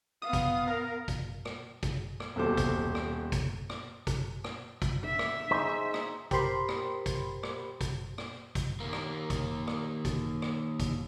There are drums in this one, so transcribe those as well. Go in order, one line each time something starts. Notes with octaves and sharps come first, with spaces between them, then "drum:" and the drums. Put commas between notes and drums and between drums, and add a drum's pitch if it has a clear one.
B3 F5 D#6
drum: kick, hi-hat
A#4
drum: kick, hi-hat
drum: rim click
drum: kick, hi-hat
drum: rim click
D#1 B2 A4 C5 D6
drum: kick, hi-hat
drum: rim click
drum: kick, hi-hat
drum: rim click
drum: kick, hi-hat
drum: rim click
drum: kick, hi-hat
E5
drum: rim click
D#4 G#4 C5
drum: rim click
G4 A#4 C5 B5 C6, drum: kick, hi-hat
drum: rim click
drum: kick, hi-hat
drum: rim click
drum: kick, hi-hat
drum: rim click
drum: kick, hi-hat
D#2 A#3
drum: rim click
drum: kick, hi-hat
drum: rim click
drum: kick, hi-hat
drum: rim click
drum: kick, hi-hat